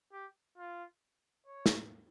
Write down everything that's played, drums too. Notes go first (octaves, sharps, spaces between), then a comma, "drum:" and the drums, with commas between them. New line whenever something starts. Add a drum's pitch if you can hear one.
G4
F4
C#5
drum: snare